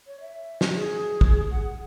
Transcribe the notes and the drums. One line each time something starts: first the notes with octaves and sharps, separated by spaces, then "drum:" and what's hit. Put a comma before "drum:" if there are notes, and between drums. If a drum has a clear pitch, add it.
C#5
E5
drum: snare
G#4
drum: kick
F#5